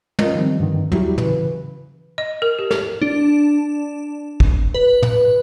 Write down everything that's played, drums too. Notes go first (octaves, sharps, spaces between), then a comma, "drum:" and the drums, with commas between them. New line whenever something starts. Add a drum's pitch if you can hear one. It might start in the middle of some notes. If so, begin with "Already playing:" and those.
C#4 F4 A#4 D#5, drum: tom
D#3 F3 G3 C4
G2 D3 D#3
F#3 G3 E4 F#4 G4, drum: tom
C#3 E3 B4, drum: tom
D#5
A#4
G4
A4, drum: snare
D4
drum: kick
B4
drum: tom